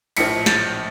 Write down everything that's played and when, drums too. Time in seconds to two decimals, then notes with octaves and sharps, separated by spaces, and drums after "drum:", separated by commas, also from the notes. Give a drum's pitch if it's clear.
0.17 A#1 A2 F3 B6 C#7, drum: cymbal
0.46 G6 A6, drum: snare